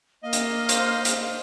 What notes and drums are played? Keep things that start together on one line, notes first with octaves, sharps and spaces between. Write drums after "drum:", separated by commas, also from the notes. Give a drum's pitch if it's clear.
A#3 D#5 F5
drum: hi-hat
C5, drum: hi-hat
drum: hi-hat